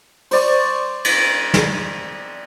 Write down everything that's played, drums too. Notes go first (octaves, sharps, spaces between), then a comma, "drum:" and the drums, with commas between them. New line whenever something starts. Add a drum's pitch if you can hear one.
C5 D5 C#6, drum: open hi-hat
drum: cymbal
drum: snare